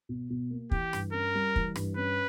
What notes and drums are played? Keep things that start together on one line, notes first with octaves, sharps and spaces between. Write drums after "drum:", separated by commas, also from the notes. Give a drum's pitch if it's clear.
B2
B2
A#3
E3 G4, drum: kick
G2, drum: rim click
C#4 A#4
G3
E3, drum: kick
G2, drum: rim click
C#4 B4